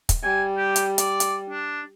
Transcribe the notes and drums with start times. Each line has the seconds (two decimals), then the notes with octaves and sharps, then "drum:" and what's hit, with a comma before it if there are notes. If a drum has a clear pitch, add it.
0.09 drum: kick, hi-hat
0.24 G3 G#5
0.57 G4
0.76 drum: hi-hat
0.98 D5, drum: hi-hat
1.20 drum: hi-hat
1.50 D4